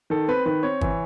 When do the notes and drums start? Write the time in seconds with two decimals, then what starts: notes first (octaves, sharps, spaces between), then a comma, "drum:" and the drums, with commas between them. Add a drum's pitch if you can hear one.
0.10 D#3 A4
0.28 C4 B4
0.46 D#3 B4
0.63 C4 C#5
0.81 E3, drum: kick